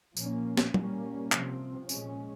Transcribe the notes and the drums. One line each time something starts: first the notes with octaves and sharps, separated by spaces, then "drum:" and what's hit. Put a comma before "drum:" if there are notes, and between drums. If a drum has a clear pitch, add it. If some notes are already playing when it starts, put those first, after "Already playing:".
A#2 F3 A#3 C#4, drum: tambourine
drum: snare
A#2 G3 A#3 C#4, drum: tom F#3
C3 F3 C4, drum: clap
A#2 G#3 C#4, drum: tambourine